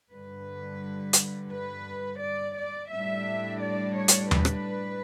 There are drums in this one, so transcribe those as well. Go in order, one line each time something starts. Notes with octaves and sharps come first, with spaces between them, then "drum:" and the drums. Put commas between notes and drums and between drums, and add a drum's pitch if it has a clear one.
G2 D3 G3 B4
drum: hi-hat
B4
D5
D5
A2 G3 D4 E5
D5
C#5
drum: hi-hat
B4, drum: tom D#2
drum: rim click